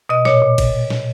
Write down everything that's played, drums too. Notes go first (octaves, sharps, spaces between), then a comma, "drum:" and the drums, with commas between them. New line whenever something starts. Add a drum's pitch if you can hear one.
B2 D#5
A#2 C#5, drum: snare
A#2
drum: kick G1, cymbal
drum: snare